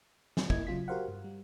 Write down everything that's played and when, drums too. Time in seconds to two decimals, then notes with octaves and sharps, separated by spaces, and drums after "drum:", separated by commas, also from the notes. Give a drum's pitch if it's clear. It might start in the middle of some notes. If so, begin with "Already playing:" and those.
0.37 drum: snare
0.50 A#3 E4 D#5 G#6, drum: kick
0.67 C#3 F#3 F4 B6
0.88 F#4 G4 A#4 C5 F5 F#5
1.08 G2
1.24 G3